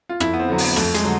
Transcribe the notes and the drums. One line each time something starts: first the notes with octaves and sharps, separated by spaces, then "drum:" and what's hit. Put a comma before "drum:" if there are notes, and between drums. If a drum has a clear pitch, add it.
F4
F2 E4, drum: rim click
B3
C4
D3 F#3
B3, drum: open hi-hat
F2 A3, drum: rim click
G#3, drum: hi-hat
D3 F#3